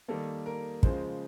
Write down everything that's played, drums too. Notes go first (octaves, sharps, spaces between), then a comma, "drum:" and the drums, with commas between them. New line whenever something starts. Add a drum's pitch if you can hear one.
D#3 G3 A#3 A4
A#4
C#3 F3 G#3 C5, drum: kick